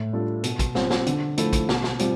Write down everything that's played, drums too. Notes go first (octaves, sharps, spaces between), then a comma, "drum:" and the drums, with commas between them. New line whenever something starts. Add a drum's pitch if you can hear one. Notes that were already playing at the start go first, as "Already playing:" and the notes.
Already playing: A2
G3 D4 F4 A4
B2, drum: hi-hat
drum: kick A1, hi-hat
G3 C4 F4, drum: snare
drum: snare
D3, drum: hi-hat
F3 A3 E4 A4, drum: hi-hat
drum: kick A1, hi-hat
B2, drum: snare
drum: snare
G3 C4 F4, drum: hi-hat